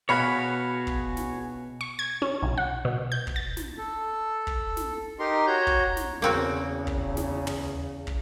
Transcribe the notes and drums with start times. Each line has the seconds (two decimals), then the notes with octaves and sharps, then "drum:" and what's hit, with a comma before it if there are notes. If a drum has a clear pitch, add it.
0.09 B2 F#4 G#4 B4 C#5 F5 B5
0.87 drum: kick
1.17 drum: snare
1.81 C#6
1.99 G#6
2.22 C#4
2.43 B1
2.58 F#5
2.85 B2
3.12 G6
3.27 drum: kick
3.36 A6
3.57 drum: snare
3.78 A4
4.47 drum: kick
4.77 drum: snare
5.19 D#4 G4 A#4 C6
5.47 F#4 C#5 A#5 G6
5.67 drum: kick
5.97 drum: snare
6.22 E2 C#3 A#3 C4 F#4
6.87 drum: kick
7.17 drum: snare
7.47 drum: tom
8.07 drum: kick